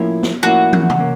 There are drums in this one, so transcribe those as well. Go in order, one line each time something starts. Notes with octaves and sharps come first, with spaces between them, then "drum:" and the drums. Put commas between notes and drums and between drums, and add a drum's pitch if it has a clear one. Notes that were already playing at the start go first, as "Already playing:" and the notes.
Already playing: A2 F3 A#3 C#4 E4
drum: snare
A2 F3 A#3 C#4 E4 F#4
drum: tom
drum: tom
A#3 C#4